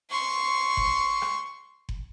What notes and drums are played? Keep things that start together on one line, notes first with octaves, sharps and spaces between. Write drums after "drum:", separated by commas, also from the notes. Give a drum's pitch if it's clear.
C6 C#6
drum: kick F#1
drum: rim click
drum: kick F#1